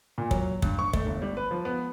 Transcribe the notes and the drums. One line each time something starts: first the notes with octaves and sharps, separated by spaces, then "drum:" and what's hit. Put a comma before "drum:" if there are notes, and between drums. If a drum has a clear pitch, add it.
A#2
F#3, drum: kick
G2, drum: kick
C#6
A3, drum: kick
G1
G3
B4
F3
B3